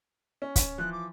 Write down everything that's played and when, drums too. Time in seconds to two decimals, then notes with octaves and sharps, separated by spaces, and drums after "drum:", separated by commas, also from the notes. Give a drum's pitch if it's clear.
0.42 C#4
0.56 drum: kick, hi-hat
0.78 E3 F3 F#6
0.92 D6